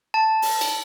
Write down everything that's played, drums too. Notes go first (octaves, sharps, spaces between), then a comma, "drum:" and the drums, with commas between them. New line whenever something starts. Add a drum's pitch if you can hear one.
A5
drum: open hi-hat
drum: cymbal